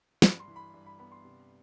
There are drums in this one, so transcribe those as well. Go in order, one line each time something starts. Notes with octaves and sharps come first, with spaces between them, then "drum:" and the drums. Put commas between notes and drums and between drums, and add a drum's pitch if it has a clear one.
G2 B5, drum: snare
C6
E3
B5
G2
B5
B3 B5
C6
C3